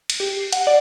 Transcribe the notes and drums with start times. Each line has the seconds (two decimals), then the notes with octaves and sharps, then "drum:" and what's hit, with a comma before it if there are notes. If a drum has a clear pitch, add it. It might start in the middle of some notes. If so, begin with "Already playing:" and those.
0.10 drum: cymbal
0.20 G4
0.33 C7
0.53 F#5, drum: cymbal
0.67 D5